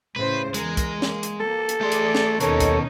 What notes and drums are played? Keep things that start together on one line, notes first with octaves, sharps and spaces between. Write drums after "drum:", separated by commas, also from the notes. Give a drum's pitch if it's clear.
A2 C#3 B4 C5
E2 G#3 A#4, drum: hi-hat
drum: kick, hi-hat
A#3, drum: snare
drum: hi-hat
A#3 A4
drum: hi-hat
A3 G#4 D5 C6
drum: hi-hat
drum: snare
D#2 B2 C#4 D#4 A4 A#4 C#5, drum: hi-hat
drum: kick, hi-hat